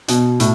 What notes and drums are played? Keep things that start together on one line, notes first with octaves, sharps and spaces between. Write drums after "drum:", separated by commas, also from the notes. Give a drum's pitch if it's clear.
B2, drum: hi-hat
A2, drum: hi-hat